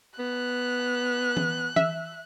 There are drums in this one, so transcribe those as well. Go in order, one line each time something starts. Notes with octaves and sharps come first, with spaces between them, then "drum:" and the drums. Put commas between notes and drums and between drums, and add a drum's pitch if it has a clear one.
B3 F#6
drum: tom E3
E5, drum: tom E3